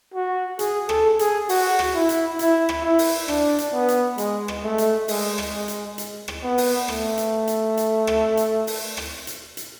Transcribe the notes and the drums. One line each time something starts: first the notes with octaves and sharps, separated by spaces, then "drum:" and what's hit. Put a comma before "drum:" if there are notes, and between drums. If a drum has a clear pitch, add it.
F#4
G#4, drum: hi-hat
A4, drum: rim click
G#4, drum: hi-hat
F#4, drum: open hi-hat
drum: rim click
E4
drum: hi-hat
E4, drum: hi-hat
drum: rim click
E4
drum: open hi-hat
D4, drum: rim click
drum: hi-hat
B3
drum: hi-hat
G#3, drum: hi-hat
drum: rim click
A3
drum: hi-hat
G#3, drum: open hi-hat
drum: rim click
G#3
drum: hi-hat
drum: hi-hat
drum: rim click
B3
drum: open hi-hat
A3, drum: rim click
drum: hi-hat
drum: hi-hat
drum: hi-hat
drum: rim click
drum: hi-hat
drum: open hi-hat
drum: rim click
drum: hi-hat
drum: hi-hat